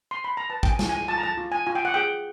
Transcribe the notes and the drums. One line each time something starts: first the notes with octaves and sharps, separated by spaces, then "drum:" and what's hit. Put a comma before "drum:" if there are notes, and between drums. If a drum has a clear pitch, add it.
C6
B5
A#5
B4 A5
G5, drum: kick
G#5
F4, drum: snare
G#5
F4 A5
A#5
A5
F4
G#5
F4 G#5
G5
F#5
G#4 G5